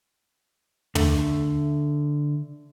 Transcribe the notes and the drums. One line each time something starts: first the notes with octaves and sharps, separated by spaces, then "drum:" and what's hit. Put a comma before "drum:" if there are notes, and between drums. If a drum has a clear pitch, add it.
D3 A3, drum: tom